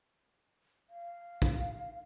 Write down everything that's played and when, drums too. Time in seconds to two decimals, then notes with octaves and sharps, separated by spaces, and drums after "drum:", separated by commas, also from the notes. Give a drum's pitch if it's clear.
0.90 F5
1.42 drum: kick